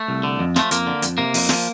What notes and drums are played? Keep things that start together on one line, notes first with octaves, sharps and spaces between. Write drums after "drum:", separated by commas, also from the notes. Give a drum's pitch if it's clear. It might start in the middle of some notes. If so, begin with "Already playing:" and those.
Already playing: A3
C2
D3
F2
F3 A3, drum: snare
F2 A#3, drum: hi-hat
D3
F2, drum: hi-hat
C3 A#3
F2, drum: open hi-hat
F3, drum: snare